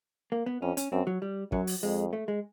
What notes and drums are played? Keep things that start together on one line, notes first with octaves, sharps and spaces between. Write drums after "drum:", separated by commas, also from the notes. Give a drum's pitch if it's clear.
A#3
B3
F2 C#4
C#4, drum: hi-hat
F#2 C4
F#3
G3
F#2 F#3, drum: kick
drum: open hi-hat
F2 G#3
A3
G#3